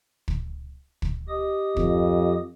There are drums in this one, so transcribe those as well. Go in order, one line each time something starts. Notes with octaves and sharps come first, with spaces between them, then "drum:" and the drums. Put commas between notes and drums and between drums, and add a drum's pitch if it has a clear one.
drum: kick
drum: kick
G4 D#5 D#6
F2, drum: kick